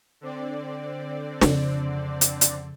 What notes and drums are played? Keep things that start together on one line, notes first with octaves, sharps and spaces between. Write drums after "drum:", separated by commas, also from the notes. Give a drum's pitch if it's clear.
D3 C4 D5
F2 C#3, drum: snare
drum: hi-hat
drum: hi-hat